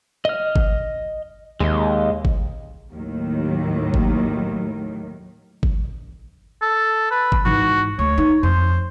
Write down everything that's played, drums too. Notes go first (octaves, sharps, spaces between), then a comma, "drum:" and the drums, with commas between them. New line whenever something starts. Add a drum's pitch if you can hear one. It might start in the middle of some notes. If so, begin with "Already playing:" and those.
D#5 F6
drum: kick G#1
D#2 G#3 D#5
drum: kick G#1
D#2 A2 D#3 F#3
drum: kick G#1
drum: kick G#1
A4
B4
drum: kick G#1
G#2 E3 F#4
D2 C#5
D#4
F2 C5